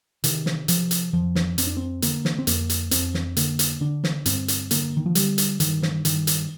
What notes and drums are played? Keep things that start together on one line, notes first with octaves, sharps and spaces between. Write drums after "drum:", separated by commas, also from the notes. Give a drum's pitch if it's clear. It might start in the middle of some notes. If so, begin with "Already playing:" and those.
C3 D#3, drum: hi-hat
drum: snare
C3 F3, drum: hi-hat
drum: hi-hat
F2 F3
drum: snare
F2 C4, drum: hi-hat
D4
C4
D3 A#3, drum: hi-hat
drum: snare
C4
F2 A#3, drum: hi-hat
drum: hi-hat
F2 C4, drum: hi-hat
drum: snare
D3 A#3, drum: hi-hat
drum: hi-hat
D3 D4
drum: snare
G2 C4, drum: hi-hat
drum: hi-hat
D3 A#3, drum: hi-hat
D#3
F3
D3 G3, drum: hi-hat
drum: hi-hat
G2 D#3, drum: hi-hat
drum: snare
G2 D#3, drum: hi-hat
drum: hi-hat